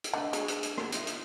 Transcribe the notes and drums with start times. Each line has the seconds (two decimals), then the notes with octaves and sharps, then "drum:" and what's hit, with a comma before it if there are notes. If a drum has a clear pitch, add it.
0.04 drum: hi-hat
0.13 D3 A3 B4 D#5
0.33 G#3 D4 F#4 G#4, drum: hi-hat
0.48 drum: hi-hat
0.63 drum: hi-hat
0.77 drum: rim click
0.92 D#4 F4 E5, drum: hi-hat
1.07 drum: hi-hat